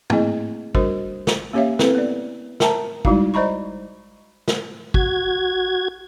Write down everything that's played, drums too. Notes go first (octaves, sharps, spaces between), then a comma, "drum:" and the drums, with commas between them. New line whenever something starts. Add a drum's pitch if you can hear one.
A3 A#3 C4 E4 G#4 D#5, drum: tom
G3 D4 F#4 A#4 C5, drum: kick G#1
drum: snare
A#3 C#4 G4 C#5 E5 F5
C4 E4 A4 B4, drum: snare
B3 D5
A#4 E5 G5 A5 A#5, drum: snare
G3 G#3 D#4 E4 F#4 F5, drum: kick G#1
C5 D5 D#5 A#5 B5 C#6
drum: snare
F#4 G#6, drum: kick G#1